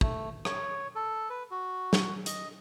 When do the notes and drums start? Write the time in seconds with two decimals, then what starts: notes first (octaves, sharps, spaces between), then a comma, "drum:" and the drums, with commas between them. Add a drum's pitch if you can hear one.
0.01 A3, drum: kick
0.45 C#5, drum: rim click
0.95 A4
1.30 B4
1.51 F#4
1.93 drum: snare
2.26 D#5, drum: hi-hat